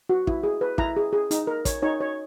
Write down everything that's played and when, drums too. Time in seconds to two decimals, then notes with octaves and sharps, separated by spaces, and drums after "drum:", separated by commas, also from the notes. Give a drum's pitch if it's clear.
0.09 F#4
0.27 E4, drum: kick
0.43 G#4
0.61 B4
0.78 E4 A#5, drum: kick
0.97 G#4
1.13 G#4
1.31 D#4, drum: hi-hat
1.47 A#4
1.65 C#5, drum: kick, hi-hat
1.82 D#4 C#5
2.00 C#5